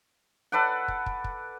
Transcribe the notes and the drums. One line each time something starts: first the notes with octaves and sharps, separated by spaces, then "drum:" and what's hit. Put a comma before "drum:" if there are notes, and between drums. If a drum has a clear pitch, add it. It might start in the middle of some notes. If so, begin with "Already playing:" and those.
A4 B4 D5 F#5
drum: kick
drum: kick
drum: kick